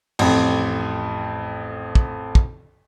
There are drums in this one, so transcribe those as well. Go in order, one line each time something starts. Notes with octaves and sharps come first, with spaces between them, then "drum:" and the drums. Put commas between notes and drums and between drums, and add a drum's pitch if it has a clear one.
A1 F2, drum: cymbal
drum: kick
drum: kick